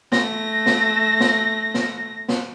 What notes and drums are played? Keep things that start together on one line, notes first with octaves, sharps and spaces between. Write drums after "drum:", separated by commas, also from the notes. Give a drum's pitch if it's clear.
A3 A#6, drum: snare
drum: snare
drum: snare
drum: snare
drum: snare